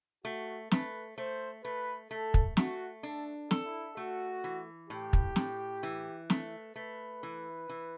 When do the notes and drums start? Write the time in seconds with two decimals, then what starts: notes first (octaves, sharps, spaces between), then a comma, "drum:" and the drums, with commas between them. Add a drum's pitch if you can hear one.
0.25 A3 F#4
0.71 A3 B4, drum: snare
1.18 A3 C5
1.64 A3 B4
2.11 A3 A4
2.34 drum: kick
2.57 A3 F#4, drum: snare
3.03 D4 A4
3.51 A4, drum: snare
3.66 E4
3.97 A3 F#4
4.44 E3
4.89 A2 G4
5.13 drum: kick
5.36 A2, drum: snare
5.83 E3
6.30 A3, drum: snare
6.76 A3 B4
7.23 E3
7.69 E3